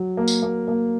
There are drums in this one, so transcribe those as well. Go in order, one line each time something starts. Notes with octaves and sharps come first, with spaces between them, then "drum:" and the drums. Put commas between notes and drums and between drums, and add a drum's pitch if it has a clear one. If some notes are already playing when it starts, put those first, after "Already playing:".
Already playing: F#3
A#3
drum: tambourine
A#3
A#3